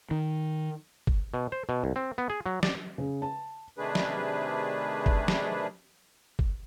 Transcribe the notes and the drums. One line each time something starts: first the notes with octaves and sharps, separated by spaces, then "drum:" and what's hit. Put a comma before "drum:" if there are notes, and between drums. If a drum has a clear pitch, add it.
D#3
drum: kick
B2
C5
B2
C2
C4
B3
G#4
F#3
D5, drum: snare
C#3
A5
C3 D#3 A3 D4 G#4 B4
drum: snare
drum: kick
drum: snare
drum: kick